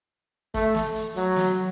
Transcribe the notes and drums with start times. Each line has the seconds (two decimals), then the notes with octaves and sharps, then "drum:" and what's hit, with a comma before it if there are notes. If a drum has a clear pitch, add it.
0.54 A3, drum: kick, hi-hat
0.75 drum: snare
0.95 drum: hi-hat
1.16 F#3, drum: hi-hat
1.36 drum: snare